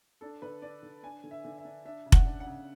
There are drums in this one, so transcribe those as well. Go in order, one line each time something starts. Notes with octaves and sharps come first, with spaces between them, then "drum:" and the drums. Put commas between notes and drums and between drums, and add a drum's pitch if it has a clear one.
D4 A4
D3 B4
D4 D5
D3
D4 G#5
D3
E5
D3
E5
D4
D4 E5
C#3
F#5, drum: kick F1
D4
F#5
C#3